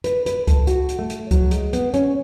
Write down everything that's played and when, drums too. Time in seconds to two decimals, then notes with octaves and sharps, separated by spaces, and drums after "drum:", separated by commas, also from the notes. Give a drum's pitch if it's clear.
0.04 B4, drum: hi-hat
0.26 B4, drum: hi-hat
0.47 A4, drum: kick C#2, hi-hat
0.67 F#4, drum: hi-hat
0.89 drum: hi-hat
0.99 A3
1.10 drum: hi-hat
1.31 F#3, drum: kick C#2, hi-hat
1.51 G#3, drum: hi-hat
1.73 B3, drum: hi-hat
1.94 C#4, drum: hi-hat